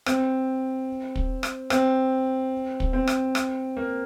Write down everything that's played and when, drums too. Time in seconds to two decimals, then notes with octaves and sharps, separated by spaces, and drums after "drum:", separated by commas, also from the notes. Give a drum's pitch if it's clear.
0.06 C4, drum: rim click
1.16 drum: kick
1.43 drum: rim click
1.70 C4, drum: rim click
2.80 drum: kick
2.93 C4
3.07 drum: rim click
3.35 drum: rim click
3.77 A#3